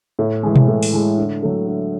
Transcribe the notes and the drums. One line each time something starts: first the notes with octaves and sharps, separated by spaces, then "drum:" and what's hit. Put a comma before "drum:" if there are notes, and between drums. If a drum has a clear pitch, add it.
A2
E3 G#3
drum: tom B2
A2
drum: open hi-hat
E3 G#3
D3
F#3 A3
D3